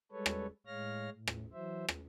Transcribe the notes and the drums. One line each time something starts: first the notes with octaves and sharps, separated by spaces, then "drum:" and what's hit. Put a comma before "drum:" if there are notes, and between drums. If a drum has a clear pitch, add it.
G3 G#3 A4 B4 C#5
drum: rim click
A2 G#3 C#5 F5 F6 A#6
A2
drum: rim click
E3 F#3 C5 E5
drum: rim click